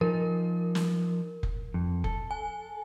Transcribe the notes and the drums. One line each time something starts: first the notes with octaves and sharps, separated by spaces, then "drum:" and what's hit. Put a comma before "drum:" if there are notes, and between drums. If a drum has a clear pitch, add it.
F3 D#4 A#4
drum: snare
drum: kick F1
F2
A4, drum: kick F1
G#5